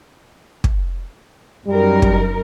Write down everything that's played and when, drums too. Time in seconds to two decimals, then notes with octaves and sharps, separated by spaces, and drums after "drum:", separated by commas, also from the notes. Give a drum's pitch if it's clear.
0.64 drum: kick
1.68 F#2 G3 D#4 A#4
2.02 drum: kick